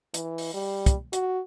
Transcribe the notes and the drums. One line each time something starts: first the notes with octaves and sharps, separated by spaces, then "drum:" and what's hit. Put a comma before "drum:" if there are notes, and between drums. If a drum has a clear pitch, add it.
E3, drum: hi-hat
drum: open hi-hat
G3
drum: kick, hi-hat
F#4, drum: hi-hat